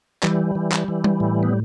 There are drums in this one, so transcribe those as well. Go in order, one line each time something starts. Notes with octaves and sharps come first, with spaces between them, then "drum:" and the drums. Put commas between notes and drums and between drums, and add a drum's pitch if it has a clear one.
E3 G3, drum: clap
E3
drum: clap
E3
drum: tom G3
A2
B3